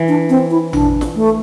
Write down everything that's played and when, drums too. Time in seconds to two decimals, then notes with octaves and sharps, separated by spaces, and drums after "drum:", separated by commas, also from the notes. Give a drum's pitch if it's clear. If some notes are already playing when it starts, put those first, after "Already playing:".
Already playing: E3
0.08 D4
0.29 C4
0.50 E4
0.73 D4, drum: tom A1
1.01 drum: snare
1.16 A3